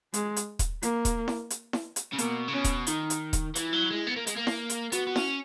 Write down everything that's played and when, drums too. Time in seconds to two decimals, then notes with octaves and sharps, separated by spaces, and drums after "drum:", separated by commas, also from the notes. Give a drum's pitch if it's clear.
0.14 G#3, drum: hi-hat
0.36 drum: hi-hat
0.59 drum: kick D#1, hi-hat
0.83 A#3, drum: hi-hat
1.05 drum: kick D#1, hi-hat
1.28 drum: snare E4
1.50 drum: hi-hat
1.73 drum: snare E4
1.96 drum: hi-hat
2.13 C#3
2.18 B2 A#3, drum: hi-hat
2.48 C#3
2.53 B2 C#4
2.64 drum: kick D#1, hi-hat
2.87 D#3 D#4, drum: hi-hat
3.10 drum: hi-hat
3.33 drum: kick D#1, hi-hat
3.55 E3 E4, drum: hi-hat
3.73 F#3
3.90 G#3
4.07 B3
4.16 A#3
4.27 G#3, drum: hi-hat
4.37 A#3
4.47 drum: snare E4
4.70 drum: hi-hat
4.92 B3 F#4, drum: hi-hat
5.07 B3
5.16 C#4, drum: snare E4